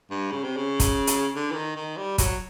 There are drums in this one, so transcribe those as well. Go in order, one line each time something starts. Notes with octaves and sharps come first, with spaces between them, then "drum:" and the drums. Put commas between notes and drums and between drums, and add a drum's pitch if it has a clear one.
G2
C#3
C3
C#3
drum: kick, hi-hat
drum: hi-hat
D3
E3
D#3
D#3
G3
F#3, drum: kick, hi-hat